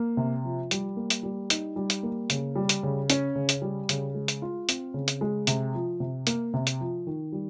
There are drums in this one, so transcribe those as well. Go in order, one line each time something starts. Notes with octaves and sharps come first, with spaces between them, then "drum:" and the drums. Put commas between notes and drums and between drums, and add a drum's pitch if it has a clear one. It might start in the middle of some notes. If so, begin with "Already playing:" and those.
Already playing: A#3
C3
F3
G3, drum: hi-hat
A#3
drum: hi-hat
G3
D#4, drum: hi-hat
G3
drum: hi-hat
A#3
C#3, drum: hi-hat
G3
drum: hi-hat
C#3
C#4, drum: hi-hat
C#3
drum: hi-hat
G3
C#3, drum: hi-hat
G#3
drum: hi-hat
F4
C4, drum: hi-hat
C#3
drum: hi-hat
G#3
C3, drum: hi-hat
F3
C3
A#3, drum: hi-hat
C3
drum: hi-hat
F3
D#3
G3